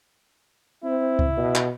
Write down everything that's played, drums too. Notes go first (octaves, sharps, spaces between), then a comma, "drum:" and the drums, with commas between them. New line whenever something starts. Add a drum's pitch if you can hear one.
C4 E4
drum: kick C#2
B2
drum: clap